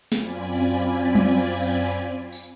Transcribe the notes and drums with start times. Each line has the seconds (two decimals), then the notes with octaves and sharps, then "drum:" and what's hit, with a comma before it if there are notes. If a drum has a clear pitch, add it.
0.12 F#2 C4 F4 D5 G#5 B5, drum: snare
1.15 drum: tom F#3
2.32 drum: tambourine